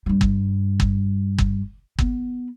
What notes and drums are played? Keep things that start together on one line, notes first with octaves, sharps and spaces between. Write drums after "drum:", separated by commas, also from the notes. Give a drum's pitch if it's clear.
G2 G3
drum: kick
drum: kick
drum: kick
B3, drum: kick